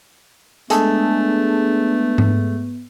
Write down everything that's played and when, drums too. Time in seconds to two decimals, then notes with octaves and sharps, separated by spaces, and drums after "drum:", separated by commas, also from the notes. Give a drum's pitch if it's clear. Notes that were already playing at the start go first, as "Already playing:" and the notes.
0.70 G#3 A3 B3 D4 G#4 A4, drum: hi-hat
2.18 drum: tom G#2